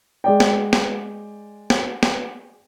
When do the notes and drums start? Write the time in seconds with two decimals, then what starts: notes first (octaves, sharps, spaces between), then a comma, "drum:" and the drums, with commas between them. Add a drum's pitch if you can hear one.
0.24 G#3 D5 G5
0.40 drum: snare
0.73 drum: snare
1.70 drum: snare
2.03 drum: snare